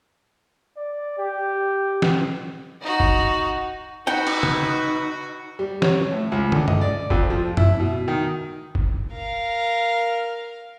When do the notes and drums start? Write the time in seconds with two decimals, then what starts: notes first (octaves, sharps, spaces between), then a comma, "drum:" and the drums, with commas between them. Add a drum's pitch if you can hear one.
0.77 D5
1.18 G4
2.02 drum: snare
2.81 D#4 F#4
3.00 drum: kick
4.07 D#4 F#4 B4 F#5 G5
4.27 drum: cymbal
4.43 drum: tom C#3
5.59 G3
5.82 C#5, drum: snare
6.12 A2
6.32 C#2
6.52 D3, drum: tom
6.68 D#5, drum: tom
6.81 D5
7.10 F2, drum: kick
7.30 F3
7.57 E4, drum: tom F#2
7.80 B2
8.08 D#3
8.75 drum: kick
9.12 A#4 F5